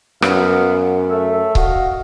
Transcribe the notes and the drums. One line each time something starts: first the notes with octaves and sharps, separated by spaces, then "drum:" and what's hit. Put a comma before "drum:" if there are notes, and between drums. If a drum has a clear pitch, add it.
F#2 B3 F5, drum: rim click
A3 E5
F#4 D#5 F5, drum: kick C#1